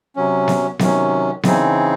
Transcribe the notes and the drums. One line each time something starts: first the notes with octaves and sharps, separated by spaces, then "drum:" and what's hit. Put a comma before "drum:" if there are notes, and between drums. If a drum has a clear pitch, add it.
C3 F#3 C#4
drum: snare B3
C3 D#3 F#3 C#4, drum: snare B3
C#3 E3 C4 D#4 G#4, drum: snare B3